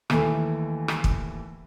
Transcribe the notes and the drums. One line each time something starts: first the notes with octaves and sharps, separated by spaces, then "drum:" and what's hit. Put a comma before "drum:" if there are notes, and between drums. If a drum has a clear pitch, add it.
D#2 E3 A3, drum: rim click
drum: rim click
drum: kick